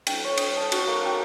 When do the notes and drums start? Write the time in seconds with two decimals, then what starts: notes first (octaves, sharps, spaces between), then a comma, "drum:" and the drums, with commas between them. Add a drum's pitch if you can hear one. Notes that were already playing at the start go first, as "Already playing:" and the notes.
0.07 G5, drum: cymbal
0.24 C#5
0.37 D#5, drum: cymbal
0.57 A5
0.72 F#4, drum: cymbal
0.87 A#3
1.05 G5